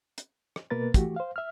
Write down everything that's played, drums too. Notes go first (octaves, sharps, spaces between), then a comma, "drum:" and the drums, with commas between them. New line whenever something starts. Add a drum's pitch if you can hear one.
drum: hi-hat
drum: rim click
B2 A#3 A#4 B4 A6
E3 A3 F#4 G4, drum: kick, hi-hat
C5 F5
E5 F6